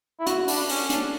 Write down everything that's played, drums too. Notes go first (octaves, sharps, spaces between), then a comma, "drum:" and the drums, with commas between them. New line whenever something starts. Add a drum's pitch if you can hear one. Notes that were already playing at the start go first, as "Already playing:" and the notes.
E4
F#4, drum: hi-hat
D4, drum: open hi-hat
C#4, drum: open hi-hat
D4, drum: hi-hat